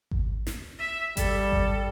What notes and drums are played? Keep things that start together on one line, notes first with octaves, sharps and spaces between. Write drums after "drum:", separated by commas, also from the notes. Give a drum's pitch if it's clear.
drum: kick G#1
drum: snare
E5
G3 A4, drum: kick G#1, hi-hat
drum: kick G#1